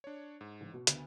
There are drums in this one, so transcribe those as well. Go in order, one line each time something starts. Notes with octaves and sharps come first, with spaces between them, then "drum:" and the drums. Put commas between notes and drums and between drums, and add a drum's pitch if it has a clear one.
D4 C#5
G#2
A1
B2
D2 B3, drum: hi-hat